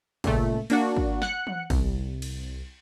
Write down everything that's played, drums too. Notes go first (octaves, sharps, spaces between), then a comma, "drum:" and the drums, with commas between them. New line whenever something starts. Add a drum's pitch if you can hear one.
C#2 A#2 A3, drum: kick, cymbal
A#3 D4 F#4, drum: cymbal
drum: kick
F#5 F#6 C#7, drum: snare
drum: tom E3
C2, drum: kick, cymbal
drum: cymbal